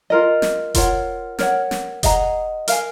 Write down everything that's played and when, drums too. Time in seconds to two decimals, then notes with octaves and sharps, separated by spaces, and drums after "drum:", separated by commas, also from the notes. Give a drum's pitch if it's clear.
0.10 F4 A#4 D#5
0.42 drum: snare
0.74 F4 A#4 C#5 F#5, drum: kick F1, hi-hat
1.38 A#4 C#5 F#5, drum: snare
1.71 drum: snare
2.03 G#4 D#5 F#5 A#5, drum: kick F1, hi-hat
2.68 A#4 F5 G#5, drum: hi-hat